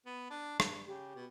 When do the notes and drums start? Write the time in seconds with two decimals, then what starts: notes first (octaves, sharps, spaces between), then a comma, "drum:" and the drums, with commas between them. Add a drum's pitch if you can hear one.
0.06 B3
0.30 D4
0.60 G2, drum: rim click
0.87 C#3 G4
1.15 B2